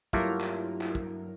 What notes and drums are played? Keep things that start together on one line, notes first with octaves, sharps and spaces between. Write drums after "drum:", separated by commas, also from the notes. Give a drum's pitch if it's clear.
G2 F#3 A3 A#3 E4 F4 G4 A#4, drum: kick
drum: clap
drum: clap
drum: kick